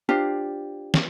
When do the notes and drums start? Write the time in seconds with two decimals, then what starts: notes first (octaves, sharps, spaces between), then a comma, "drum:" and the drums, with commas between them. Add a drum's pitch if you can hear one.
0.09 D4 F4 G4 C5
0.94 drum: snare